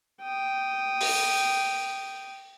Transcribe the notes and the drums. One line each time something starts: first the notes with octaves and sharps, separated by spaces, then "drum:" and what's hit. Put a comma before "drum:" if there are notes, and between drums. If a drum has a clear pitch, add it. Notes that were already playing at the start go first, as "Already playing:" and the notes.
G5 D#6
drum: open hi-hat